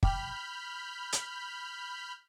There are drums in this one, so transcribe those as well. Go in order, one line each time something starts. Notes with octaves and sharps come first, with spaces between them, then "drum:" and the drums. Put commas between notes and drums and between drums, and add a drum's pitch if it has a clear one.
G5 B5 D6 F6 G6, drum: kick
drum: hi-hat